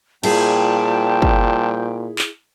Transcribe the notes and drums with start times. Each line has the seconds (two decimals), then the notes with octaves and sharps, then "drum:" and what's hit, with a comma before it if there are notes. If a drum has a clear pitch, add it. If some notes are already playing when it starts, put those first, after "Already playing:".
0.23 A#2 F3 G3 E4 G#4 G5 A5, drum: cymbal
1.22 drum: kick
2.19 drum: clap